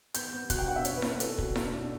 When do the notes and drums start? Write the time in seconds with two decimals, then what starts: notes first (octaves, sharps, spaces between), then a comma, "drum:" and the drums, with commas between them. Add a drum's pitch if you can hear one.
0.14 B3 G6, drum: hi-hat
0.33 B3
0.50 B2 F#6, drum: kick, hi-hat
0.59 G5
0.67 D4 F#5
0.76 E5
0.85 C#4 C#5, drum: hi-hat
0.97 B4
1.02 C#4, drum: snare E4
1.09 B4
1.20 C#4 A4, drum: hi-hat
1.38 B2, drum: kick
1.56 D4, drum: snare E4
1.74 D4